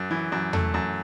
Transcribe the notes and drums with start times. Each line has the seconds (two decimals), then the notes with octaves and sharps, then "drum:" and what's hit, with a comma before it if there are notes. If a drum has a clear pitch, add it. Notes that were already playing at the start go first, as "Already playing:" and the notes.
Already playing: F#2
0.11 E3
0.32 F#2
0.53 A3, drum: tom E2
0.74 F#2